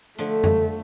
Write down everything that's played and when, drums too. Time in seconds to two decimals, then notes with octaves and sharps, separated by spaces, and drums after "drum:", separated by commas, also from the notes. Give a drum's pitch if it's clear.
0.19 D3 F3 A3
0.44 drum: tom